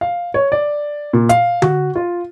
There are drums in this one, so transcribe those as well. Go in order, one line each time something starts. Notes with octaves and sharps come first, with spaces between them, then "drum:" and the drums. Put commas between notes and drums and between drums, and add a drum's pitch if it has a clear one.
F5
C#5
D5
A#2
F5, drum: hi-hat
F#4, drum: tom D3
F4